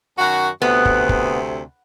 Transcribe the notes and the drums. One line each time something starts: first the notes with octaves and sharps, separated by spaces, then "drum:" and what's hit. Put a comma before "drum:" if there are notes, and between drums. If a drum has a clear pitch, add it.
F#2 D#3 F#4
D2 C3 B3
drum: kick
drum: kick